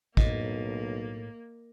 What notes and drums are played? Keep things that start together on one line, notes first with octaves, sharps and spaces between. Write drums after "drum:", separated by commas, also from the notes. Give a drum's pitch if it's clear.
B1 A2 A#3 D#5, drum: kick